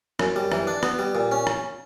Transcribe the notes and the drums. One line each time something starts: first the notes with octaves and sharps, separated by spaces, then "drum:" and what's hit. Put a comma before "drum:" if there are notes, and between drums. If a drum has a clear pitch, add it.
F#2, drum: rim click
G3
E3, drum: rim click
D4
B3, drum: rim click
G3
A#2
C#4
drum: rim click